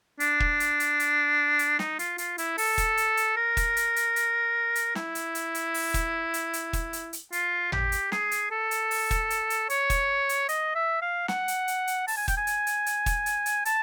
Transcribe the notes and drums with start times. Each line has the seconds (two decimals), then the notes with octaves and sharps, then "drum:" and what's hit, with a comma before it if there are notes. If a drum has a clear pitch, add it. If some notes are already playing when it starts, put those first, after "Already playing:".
0.20 D4, drum: hi-hat
0.40 drum: kick
0.60 drum: hi-hat
0.80 drum: hi-hat
1.00 drum: hi-hat
1.59 drum: hi-hat
1.79 D#4, drum: snare
1.99 F4, drum: hi-hat
2.18 F4, drum: hi-hat
2.38 E4, drum: hi-hat
2.58 A4, drum: open hi-hat
2.78 drum: kick, hi-hat
2.97 drum: hi-hat
3.17 drum: hi-hat
3.37 A#4
3.57 drum: kick, hi-hat
3.77 drum: hi-hat
3.96 drum: hi-hat
4.16 drum: hi-hat
4.75 drum: hi-hat
4.95 E4, drum: snare
5.15 drum: hi-hat
5.35 drum: hi-hat
5.55 drum: hi-hat
5.74 drum: open hi-hat
5.94 drum: kick, hi-hat
6.34 drum: hi-hat
6.53 drum: hi-hat
6.73 drum: kick, hi-hat
6.93 drum: hi-hat
7.13 drum: hi-hat
7.32 F4, drum: hi-hat
7.72 G4, drum: tom
7.92 drum: hi-hat
8.12 G#4, drum: snare
8.31 drum: hi-hat
8.51 A4
8.71 drum: hi-hat
8.91 drum: open hi-hat
9.11 drum: kick, hi-hat
9.30 drum: hi-hat
9.50 drum: hi-hat
9.70 C#5, drum: hi-hat
9.90 drum: kick, hi-hat
10.29 drum: hi-hat
10.49 D#5, drum: hi-hat
10.75 E5
11.02 F5
11.28 F#5, drum: snare
11.48 drum: hi-hat
11.68 drum: hi-hat
11.87 drum: hi-hat
12.08 A5, drum: open hi-hat
12.17 G#5
12.28 G5, drum: kick, hi-hat
12.38 G#5
12.47 drum: hi-hat
12.67 drum: hi-hat
12.86 drum: hi-hat
13.06 drum: kick, hi-hat
13.26 drum: hi-hat
13.46 drum: hi-hat
13.65 A5, drum: hi-hat